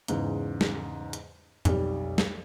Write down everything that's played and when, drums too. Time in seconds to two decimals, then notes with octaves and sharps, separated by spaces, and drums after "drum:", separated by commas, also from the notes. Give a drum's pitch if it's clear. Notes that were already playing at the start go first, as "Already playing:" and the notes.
0.08 E2 G#2 C#3, drum: hi-hat
0.61 drum: snare
1.13 drum: hi-hat
1.65 B1 F2 G3, drum: hi-hat
2.18 drum: snare